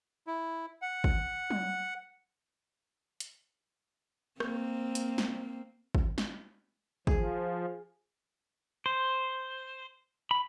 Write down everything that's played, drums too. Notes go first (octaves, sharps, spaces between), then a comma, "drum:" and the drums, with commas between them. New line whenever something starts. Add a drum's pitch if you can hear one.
E4
F#5
drum: kick
drum: tom F#3
drum: hi-hat
A#3 C4, drum: rim click
drum: hi-hat
drum: snare
drum: kick
drum: snare
F3 G#4, drum: kick
C5
B5